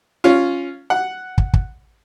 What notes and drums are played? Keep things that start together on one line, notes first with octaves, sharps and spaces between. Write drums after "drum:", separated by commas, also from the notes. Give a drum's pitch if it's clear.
C#4 F4
F#5
drum: kick
drum: kick